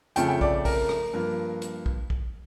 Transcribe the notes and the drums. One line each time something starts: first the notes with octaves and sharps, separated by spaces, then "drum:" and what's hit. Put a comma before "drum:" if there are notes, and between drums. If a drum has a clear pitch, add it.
F2 C#3 F3 A3 G5, drum: hi-hat
G5
D5, drum: kick
A#4, drum: kick, open hi-hat
drum: rim click
G2 F3 A#3
drum: hi-hat
drum: kick
drum: kick